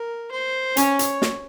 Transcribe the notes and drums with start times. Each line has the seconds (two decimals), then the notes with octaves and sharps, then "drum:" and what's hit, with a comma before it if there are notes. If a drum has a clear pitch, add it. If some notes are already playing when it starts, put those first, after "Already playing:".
Already playing: A#4
0.31 C5
0.77 C#4 C#5, drum: hi-hat
0.99 drum: hi-hat
1.22 drum: snare